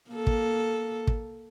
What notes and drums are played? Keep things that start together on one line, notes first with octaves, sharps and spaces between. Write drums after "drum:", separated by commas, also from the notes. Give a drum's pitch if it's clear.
A#3 A4
drum: kick
drum: kick